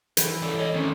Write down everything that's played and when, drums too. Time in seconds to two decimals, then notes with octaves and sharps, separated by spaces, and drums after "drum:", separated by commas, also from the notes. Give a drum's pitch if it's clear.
0.17 E3, drum: hi-hat
0.42 E3 G3 A4 D5
0.58 C#5 D#5
0.74 F2 C3 D#3 C#4